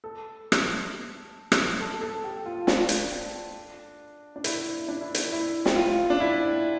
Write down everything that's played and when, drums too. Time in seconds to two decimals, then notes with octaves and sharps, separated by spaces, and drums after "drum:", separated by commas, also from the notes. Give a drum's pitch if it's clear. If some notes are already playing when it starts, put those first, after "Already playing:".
0.04 A4
0.52 drum: rim click
1.52 drum: rim click
1.80 A4
2.01 A4
2.24 G4
2.46 F4
2.67 D4, drum: snare
2.89 drum: hi-hat
4.36 D4
4.44 E4, drum: hi-hat
4.88 D4
5.01 E4
5.14 D4, drum: hi-hat
5.32 E4
5.65 G4, drum: snare
5.76 F4
6.10 D4
6.20 E4